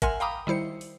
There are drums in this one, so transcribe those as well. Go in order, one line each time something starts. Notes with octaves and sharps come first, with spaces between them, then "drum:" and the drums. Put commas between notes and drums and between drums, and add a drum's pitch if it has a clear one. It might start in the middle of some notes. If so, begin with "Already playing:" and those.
A#4 E5 F#5 G#5 C6 F6, drum: kick, hi-hat
F5 G5 A#5 B5 D6 D#6
D#3 G3 E4 C5 C#7
drum: open hi-hat